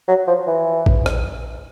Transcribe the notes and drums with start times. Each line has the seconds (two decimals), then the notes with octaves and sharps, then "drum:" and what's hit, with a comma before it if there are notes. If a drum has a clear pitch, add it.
0.08 F#3
0.27 F3
0.47 E3
0.86 drum: kick A1
1.06 drum: rim click